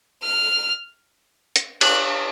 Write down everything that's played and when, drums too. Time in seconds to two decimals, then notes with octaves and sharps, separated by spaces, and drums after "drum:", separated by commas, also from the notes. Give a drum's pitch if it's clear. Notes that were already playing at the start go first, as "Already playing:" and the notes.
0.23 F6
1.56 drum: hi-hat
1.81 F#6, drum: cymbal